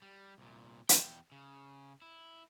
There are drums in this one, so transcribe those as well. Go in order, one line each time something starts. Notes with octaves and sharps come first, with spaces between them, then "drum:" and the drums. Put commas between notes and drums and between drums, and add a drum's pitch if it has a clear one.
G3
C2 A#2
E2 G5, drum: hi-hat
C#3
E4